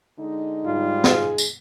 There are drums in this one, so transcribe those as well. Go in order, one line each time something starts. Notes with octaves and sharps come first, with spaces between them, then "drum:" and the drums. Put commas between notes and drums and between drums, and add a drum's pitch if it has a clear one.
D3 G#3 D#4
G#2 G3 F4
G#3 D#4 G#4, drum: snare
drum: tambourine